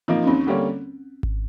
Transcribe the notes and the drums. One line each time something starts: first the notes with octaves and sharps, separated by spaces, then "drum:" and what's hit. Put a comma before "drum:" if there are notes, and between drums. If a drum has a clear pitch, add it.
F3 A#3 C4 D#4
C#4
D#2 C4
D3 G3 A#3 C#4
drum: kick G#1